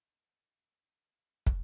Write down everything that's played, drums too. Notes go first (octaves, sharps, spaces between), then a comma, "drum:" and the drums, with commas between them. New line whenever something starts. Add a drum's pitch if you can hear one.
D#4 D5 F5
drum: kick